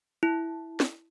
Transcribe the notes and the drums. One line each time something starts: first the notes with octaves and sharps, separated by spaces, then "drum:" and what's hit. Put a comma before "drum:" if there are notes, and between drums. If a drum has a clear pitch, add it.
E4
drum: snare